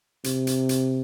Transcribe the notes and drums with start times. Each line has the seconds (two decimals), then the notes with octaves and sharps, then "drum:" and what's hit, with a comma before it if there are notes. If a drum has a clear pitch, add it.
0.24 C3, drum: hi-hat
0.47 drum: hi-hat
0.69 drum: hi-hat